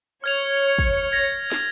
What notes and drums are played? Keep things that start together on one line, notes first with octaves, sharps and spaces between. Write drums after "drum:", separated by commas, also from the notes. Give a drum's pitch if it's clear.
C#5 F6 G#6 C#7 F7
drum: kick, open hi-hat
G#6 A#6 F7
drum: snare